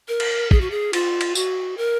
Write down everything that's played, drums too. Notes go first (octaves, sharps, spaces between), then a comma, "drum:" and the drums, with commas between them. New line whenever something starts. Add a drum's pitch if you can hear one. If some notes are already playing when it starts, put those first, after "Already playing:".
A#4
drum: cymbal
G#4, drum: kick
F#4
G#4
F4, drum: cymbal
drum: cymbal
F#4, drum: tambourine
A#4